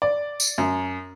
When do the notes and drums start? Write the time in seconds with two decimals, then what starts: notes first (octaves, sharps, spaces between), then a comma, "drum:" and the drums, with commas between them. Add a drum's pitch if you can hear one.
0.02 D5
0.40 drum: tambourine
0.58 F#2